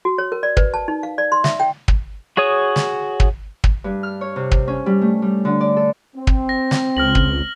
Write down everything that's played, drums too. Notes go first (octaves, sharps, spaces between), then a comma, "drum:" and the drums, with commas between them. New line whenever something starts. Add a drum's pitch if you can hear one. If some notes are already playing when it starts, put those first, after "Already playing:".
F#4
C#5
A#4
D5
B4, drum: kick
A5
D#4
F5
D5
C6
E5, drum: snare
G5
drum: kick
F#4 G#4 C#5 D#6
drum: snare
drum: kick
drum: kick
G2
F6
C#5
C3
drum: kick
C#4
G3
A3
G3
D3
D5
A4
C4
drum: kick
A#6
drum: snare
C#2 F6 A#6 F#7
drum: kick